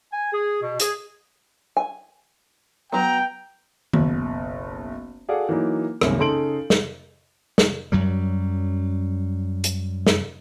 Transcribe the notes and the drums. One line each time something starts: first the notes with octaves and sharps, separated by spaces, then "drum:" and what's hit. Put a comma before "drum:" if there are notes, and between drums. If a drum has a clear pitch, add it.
G#5
G#4
B2
G#4, drum: hi-hat
G#5
F#3 B3 G5 A#5
F#1 B1, drum: tom D#3
F#4 G#4 A4 D5 F5 F#5
E3 F#3 A#3 D#4
C2 F#2 D#3 G#3 A#3, drum: rim click
C#3 D#4 A4 C6 D7 F#7
drum: snare
drum: snare
F#2 F#3 G3
drum: hi-hat
drum: snare